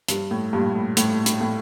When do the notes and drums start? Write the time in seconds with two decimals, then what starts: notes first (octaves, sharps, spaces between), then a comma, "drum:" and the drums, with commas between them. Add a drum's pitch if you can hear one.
0.08 G2, drum: hi-hat
0.31 A2
0.53 G2 A#2
0.75 A2
0.97 A2, drum: hi-hat
1.26 drum: hi-hat
1.41 A2